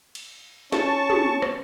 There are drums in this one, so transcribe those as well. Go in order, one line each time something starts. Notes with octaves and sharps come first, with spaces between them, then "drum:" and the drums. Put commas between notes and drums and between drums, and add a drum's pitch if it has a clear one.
drum: cymbal
C#4 A5 C#6, drum: snare
drum: tom
drum: rim click